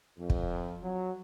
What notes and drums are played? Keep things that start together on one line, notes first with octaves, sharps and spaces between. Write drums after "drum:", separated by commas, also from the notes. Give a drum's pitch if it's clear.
F2
drum: kick
F#3